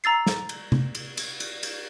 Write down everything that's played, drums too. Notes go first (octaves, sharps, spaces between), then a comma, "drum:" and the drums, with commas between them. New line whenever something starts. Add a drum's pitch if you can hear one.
A#5 E6 A6 C7
drum: snare
drum: cymbal
drum: tom C3
drum: cymbal
drum: cymbal
drum: cymbal
drum: cymbal